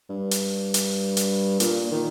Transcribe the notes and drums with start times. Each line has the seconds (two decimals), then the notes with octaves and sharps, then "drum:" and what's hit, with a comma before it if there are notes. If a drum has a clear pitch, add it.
0.10 G2
0.31 drum: hi-hat
0.74 drum: hi-hat
1.17 drum: hi-hat
1.60 A#2, drum: hi-hat
1.91 D#3